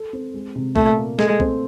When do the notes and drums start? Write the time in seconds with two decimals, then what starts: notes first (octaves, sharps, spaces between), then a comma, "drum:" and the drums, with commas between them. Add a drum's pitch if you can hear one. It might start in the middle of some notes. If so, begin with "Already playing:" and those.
Already playing: A4
0.13 C4
0.34 G#3
0.56 C3
0.76 A#2 A3, drum: kick B1
0.97 A#3
1.19 G#3 A3, drum: snare
1.40 C4, drum: kick B1